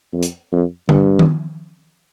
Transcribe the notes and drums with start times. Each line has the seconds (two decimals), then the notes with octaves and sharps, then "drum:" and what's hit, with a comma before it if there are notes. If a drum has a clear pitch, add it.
0.13 F2
0.23 drum: hi-hat
0.52 F2
0.89 G2, drum: tom D3
1.19 drum: tom D#3